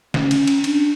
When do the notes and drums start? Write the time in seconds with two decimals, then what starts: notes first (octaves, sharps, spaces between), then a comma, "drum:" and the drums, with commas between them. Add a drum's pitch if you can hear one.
0.14 C#4, drum: snare
0.31 drum: cymbal
0.47 drum: cymbal
0.64 D4, drum: cymbal